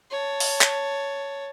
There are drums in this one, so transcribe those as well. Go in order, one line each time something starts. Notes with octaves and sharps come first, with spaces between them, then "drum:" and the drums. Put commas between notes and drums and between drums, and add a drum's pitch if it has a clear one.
C#5 A5
drum: open hi-hat
drum: clap